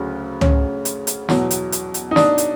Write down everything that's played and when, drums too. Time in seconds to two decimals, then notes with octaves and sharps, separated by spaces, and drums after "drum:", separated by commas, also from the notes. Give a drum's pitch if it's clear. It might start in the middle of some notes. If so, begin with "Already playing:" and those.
Already playing: D2 C#3 F#3
0.41 C#4, drum: tom
0.85 drum: hi-hat
1.07 drum: hi-hat
1.29 E2 B2 F#3, drum: snare
1.51 drum: hi-hat
1.72 drum: hi-hat
1.94 drum: hi-hat
2.11 D#4
2.16 D4, drum: snare
2.38 drum: hi-hat